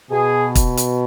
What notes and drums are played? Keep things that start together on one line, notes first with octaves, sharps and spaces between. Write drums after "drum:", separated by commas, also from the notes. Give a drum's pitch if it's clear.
B2 G#4
drum: kick, hi-hat
drum: hi-hat